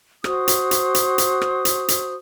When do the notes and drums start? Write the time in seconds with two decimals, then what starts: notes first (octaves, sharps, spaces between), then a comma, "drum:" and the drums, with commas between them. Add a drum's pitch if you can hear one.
0.24 F#4 C5 D#6, drum: rim click
0.48 drum: hi-hat
0.71 drum: hi-hat
0.95 drum: hi-hat
1.18 drum: hi-hat
1.41 drum: rim click
1.65 drum: hi-hat
1.88 drum: hi-hat